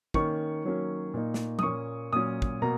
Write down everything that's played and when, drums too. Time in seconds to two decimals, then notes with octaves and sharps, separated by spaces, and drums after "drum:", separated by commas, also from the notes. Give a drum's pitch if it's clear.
0.14 D#3 A#3 C#4 C#6, drum: kick
0.65 D#3 F#3 A#3 C#4
1.14 A#2 A#3 D#4
1.34 drum: snare
1.59 D#6, drum: tom F3
1.63 A#2 A#3 C#4 C#6
2.13 A#2 F#3 C#4 D#6
2.42 drum: kick
2.62 B2 A#3 A#5